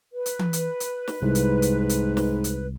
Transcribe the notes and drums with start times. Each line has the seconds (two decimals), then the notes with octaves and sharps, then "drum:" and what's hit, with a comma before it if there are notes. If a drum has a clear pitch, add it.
0.12 B4
0.26 drum: hi-hat
0.39 drum: tom E3
0.53 drum: hi-hat
0.80 drum: hi-hat
1.08 drum: snare
1.22 C2 G#2
1.35 drum: hi-hat
1.62 drum: hi-hat
1.89 drum: hi-hat
2.17 drum: snare
2.44 drum: hi-hat